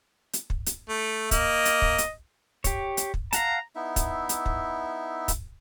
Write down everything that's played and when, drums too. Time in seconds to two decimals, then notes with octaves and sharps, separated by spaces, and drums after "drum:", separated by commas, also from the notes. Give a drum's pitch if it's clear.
0.33 drum: hi-hat
0.50 drum: kick
0.66 drum: hi-hat
0.89 A3
1.31 A#3 D#5, drum: kick, hi-hat
1.65 drum: hi-hat
1.82 drum: kick
1.98 drum: hi-hat
2.64 G4 C#5, drum: kick, hi-hat
2.97 drum: hi-hat
3.14 drum: kick
3.33 F5 F#5 A5 A#5, drum: hi-hat
3.75 B3 D#4 E4 E5
3.96 drum: kick, hi-hat
4.29 drum: hi-hat
4.46 drum: kick
5.28 drum: kick, hi-hat